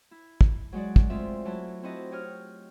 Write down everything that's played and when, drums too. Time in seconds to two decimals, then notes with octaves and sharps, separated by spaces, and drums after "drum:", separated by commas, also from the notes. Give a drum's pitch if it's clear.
0.11 E4
0.41 drum: kick
0.73 F#3 G#3 F#4 D5
0.96 drum: kick
1.10 G#3 A3 C4 F4 E5
1.45 F#3 E4 A5
1.83 C4 E4 F#4 D#5 A5
2.11 G4 C#5 D#6 F6